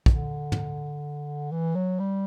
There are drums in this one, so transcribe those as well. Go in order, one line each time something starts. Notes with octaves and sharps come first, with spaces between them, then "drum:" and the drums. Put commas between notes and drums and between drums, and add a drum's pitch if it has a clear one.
D3, drum: kick
drum: tom
E3
F#3
G3